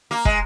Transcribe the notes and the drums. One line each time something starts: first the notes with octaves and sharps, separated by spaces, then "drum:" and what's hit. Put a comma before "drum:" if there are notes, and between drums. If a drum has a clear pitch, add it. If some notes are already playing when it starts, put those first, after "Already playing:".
A#3
G#3, drum: kick